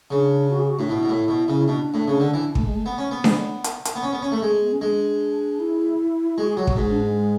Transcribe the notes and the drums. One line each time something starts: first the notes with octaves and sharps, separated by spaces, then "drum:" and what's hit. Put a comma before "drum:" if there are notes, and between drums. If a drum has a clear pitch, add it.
C#3 D4
F#4
G#4
F#4
A2 D4
B2 E4
B2
A2
B2
C#3
B2 D4
A2
C#3
D3
E3
A3, drum: kick
G#3
A3
B3
C#4
B3
drum: snare D4
drum: hi-hat
drum: hi-hat
B3
C#4
B3
C#4
A3
G#3
B3
C#4
G#3 D4
E4
G#3 F#4
G#4
F#3 F#4
F#4, drum: kick
G#2
D4
G#3